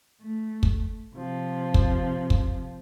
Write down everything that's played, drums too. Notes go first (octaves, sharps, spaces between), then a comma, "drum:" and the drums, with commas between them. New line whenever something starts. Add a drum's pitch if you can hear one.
A3
drum: kick
C3 F3
drum: kick
drum: kick